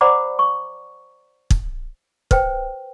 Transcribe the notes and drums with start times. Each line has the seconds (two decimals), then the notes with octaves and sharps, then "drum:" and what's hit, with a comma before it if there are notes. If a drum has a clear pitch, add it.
0.01 C5 D5 F#5 A#5 B5 D6
0.39 C#6
1.50 drum: kick
2.31 B4 C5 G5, drum: kick